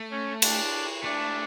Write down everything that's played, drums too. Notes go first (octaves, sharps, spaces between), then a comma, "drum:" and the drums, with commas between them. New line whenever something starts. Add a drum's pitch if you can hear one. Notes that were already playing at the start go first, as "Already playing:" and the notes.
Already playing: A3
C#4
D4, drum: cymbal
A3 D4